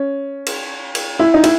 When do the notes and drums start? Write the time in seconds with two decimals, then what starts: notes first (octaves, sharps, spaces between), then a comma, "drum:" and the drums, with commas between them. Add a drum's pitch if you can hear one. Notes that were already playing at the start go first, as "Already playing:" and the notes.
Already playing: C#4
0.46 drum: cymbal
0.95 drum: cymbal
1.19 E4
1.34 D#4
1.44 E4, drum: cymbal